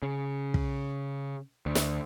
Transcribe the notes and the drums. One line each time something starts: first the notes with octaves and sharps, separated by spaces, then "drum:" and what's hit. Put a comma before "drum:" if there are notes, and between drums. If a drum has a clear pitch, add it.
C#3
drum: kick
D2
drum: snare